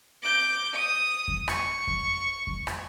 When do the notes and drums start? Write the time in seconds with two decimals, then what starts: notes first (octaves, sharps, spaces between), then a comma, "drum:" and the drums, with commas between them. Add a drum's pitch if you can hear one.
0.22 D6 G6
0.73 D#6
1.28 drum: kick F2
1.48 C#6, drum: rim click
1.87 drum: kick F2
2.47 drum: kick F2
2.67 drum: rim click